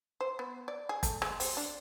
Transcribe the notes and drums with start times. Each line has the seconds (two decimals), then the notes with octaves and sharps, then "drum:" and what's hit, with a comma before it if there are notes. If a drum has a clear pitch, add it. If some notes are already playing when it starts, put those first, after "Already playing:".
0.21 C5
0.39 B3
0.68 D5
0.89 G#4
1.03 A3, drum: kick, hi-hat
1.22 G#3, drum: rim click
1.40 C4, drum: open hi-hat
1.57 D4